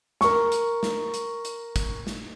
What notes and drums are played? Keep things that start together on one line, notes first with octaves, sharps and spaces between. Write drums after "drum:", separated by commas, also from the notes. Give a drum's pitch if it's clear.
A#4 C#6, drum: snare
drum: hi-hat
drum: snare
drum: hi-hat
drum: hi-hat
drum: kick, hi-hat
drum: snare